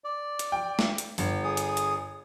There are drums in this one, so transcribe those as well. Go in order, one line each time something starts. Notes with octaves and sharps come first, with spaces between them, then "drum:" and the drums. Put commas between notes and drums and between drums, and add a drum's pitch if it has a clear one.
D5
drum: hi-hat
G5
drum: snare
drum: hi-hat
G1, drum: open hi-hat
G#4 D#6
drum: hi-hat
drum: hi-hat